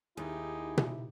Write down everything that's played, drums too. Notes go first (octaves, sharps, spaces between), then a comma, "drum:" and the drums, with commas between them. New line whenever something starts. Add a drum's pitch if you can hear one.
D#2 D#4 E4 G4 G#4
drum: tom B2